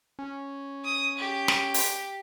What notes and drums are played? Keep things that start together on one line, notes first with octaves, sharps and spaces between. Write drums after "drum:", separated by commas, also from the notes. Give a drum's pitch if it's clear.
C#4
D#6
G4
drum: snare
drum: open hi-hat